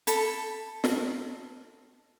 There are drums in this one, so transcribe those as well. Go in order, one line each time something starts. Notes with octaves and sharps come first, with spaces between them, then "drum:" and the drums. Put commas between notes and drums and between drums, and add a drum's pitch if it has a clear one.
A4 B5, drum: hi-hat
drum: snare